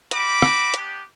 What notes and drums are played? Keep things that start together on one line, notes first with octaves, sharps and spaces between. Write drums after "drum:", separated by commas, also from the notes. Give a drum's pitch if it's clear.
G3 C4 F#4 B5 D6, drum: hi-hat
C4 F#4, drum: rim click
B3 D4 G4, drum: hi-hat